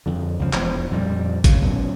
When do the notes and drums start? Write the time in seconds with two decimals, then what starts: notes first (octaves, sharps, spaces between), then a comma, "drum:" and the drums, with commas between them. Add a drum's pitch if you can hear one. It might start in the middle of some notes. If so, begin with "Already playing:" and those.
0.06 F2 D3
0.39 C#2 F3
0.53 E1 F3, drum: clap
0.92 F2 A#2 G3
1.44 D2 C#3, drum: kick G#1, hi-hat
1.62 B1 F#2 A#2